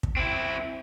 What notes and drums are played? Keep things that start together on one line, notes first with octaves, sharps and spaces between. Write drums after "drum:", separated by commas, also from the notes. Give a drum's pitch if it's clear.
drum: kick
C4 E4